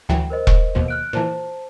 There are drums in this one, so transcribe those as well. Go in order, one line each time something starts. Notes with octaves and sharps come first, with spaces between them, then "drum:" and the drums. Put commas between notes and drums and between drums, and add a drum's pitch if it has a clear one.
D2 E3 F#3 G5
A#4 C5 D#5
drum: kick E1
D#2 B2 F3
F6 F#6 D7
A#2 E3 C5 A5 A#5